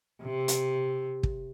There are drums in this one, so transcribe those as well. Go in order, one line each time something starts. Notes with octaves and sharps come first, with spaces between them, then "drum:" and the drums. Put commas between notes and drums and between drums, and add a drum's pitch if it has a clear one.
C3
drum: hi-hat
drum: kick